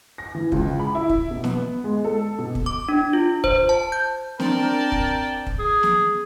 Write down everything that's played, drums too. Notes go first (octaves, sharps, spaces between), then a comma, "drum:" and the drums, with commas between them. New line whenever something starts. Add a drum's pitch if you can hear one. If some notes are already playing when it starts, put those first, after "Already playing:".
A#6
E3
C#2, drum: kick
B5
E4
drum: kick
B2
B3, drum: snare
G#3
A4
B2
drum: kick
D6
D4
F4
C5, drum: kick
A5
G6
C4 D4 A#4 D5 G5 A5, drum: snare
drum: kick
drum: kick
G#4
drum: snare